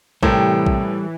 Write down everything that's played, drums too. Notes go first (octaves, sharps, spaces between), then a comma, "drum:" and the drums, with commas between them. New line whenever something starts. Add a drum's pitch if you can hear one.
A2 C3 E3 G3 C4 E4 A4 A#4, drum: kick A#1
drum: kick A#1